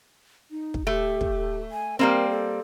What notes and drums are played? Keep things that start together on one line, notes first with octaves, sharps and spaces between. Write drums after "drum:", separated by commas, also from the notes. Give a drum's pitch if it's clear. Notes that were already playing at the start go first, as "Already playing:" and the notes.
D#4
drum: kick
A3 G4
drum: kick
G#5
G3 A#3 C4 A#4
A4